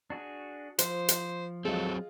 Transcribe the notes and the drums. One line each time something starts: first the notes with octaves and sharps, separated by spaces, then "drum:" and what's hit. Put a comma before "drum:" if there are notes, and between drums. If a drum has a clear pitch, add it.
D4 F#4 G#4
F3 C5, drum: hi-hat
drum: hi-hat
F#3 G#3 C4 F4 A4